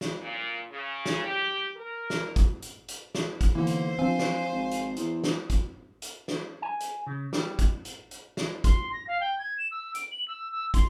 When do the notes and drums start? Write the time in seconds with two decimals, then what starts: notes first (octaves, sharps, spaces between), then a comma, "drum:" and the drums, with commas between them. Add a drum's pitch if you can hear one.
0.01 drum: snare
0.20 A#2
0.70 C#3
1.06 drum: snare
1.24 G4
1.75 A#4
2.10 drum: snare
2.36 drum: kick, hi-hat
2.62 drum: hi-hat
2.88 drum: hi-hat
3.15 drum: snare
3.41 drum: kick, hi-hat
3.55 B1 D3 E3 A#3 C5
3.67 drum: hi-hat
3.99 G1 F3 C4 F5 G#5
4.19 drum: snare
4.52 G#1
4.71 drum: hi-hat
4.97 E2, drum: hi-hat
5.24 drum: snare
5.50 drum: kick, hi-hat
6.02 drum: hi-hat
6.28 drum: snare
6.62 G#5
6.80 drum: hi-hat
7.07 C#3
7.33 G3, drum: snare
7.59 drum: kick, hi-hat
7.85 drum: hi-hat
8.11 drum: hi-hat
8.37 drum: snare
8.64 C6, drum: kick, hi-hat
8.93 A#6
9.07 F5
9.21 G5
9.38 G#6
9.58 E7
9.71 E6
9.95 D7, drum: hi-hat
10.11 F#7
10.28 E6
10.52 E6
10.74 C6, drum: kick, hi-hat